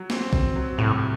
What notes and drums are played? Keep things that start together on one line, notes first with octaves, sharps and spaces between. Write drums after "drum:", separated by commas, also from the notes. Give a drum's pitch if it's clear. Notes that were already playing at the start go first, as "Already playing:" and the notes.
Already playing: F#3
C4, drum: snare
C4, drum: kick A#1
F#3
C2 A2